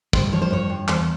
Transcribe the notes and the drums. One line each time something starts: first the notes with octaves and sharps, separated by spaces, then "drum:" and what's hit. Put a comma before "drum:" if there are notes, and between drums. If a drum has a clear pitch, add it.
G2 C5, drum: kick
F3 C#5
C5
G2 C#5
G2
E2 C5, drum: clap